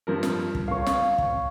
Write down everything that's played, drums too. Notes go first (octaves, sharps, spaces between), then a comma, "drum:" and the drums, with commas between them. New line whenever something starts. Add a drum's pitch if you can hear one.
G2 F3 A#4
drum: snare
drum: kick
C#5 F5
drum: snare
drum: kick